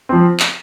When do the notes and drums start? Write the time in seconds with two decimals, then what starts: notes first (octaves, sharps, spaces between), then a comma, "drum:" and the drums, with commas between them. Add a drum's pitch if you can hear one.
0.09 F3 C4
0.40 drum: clap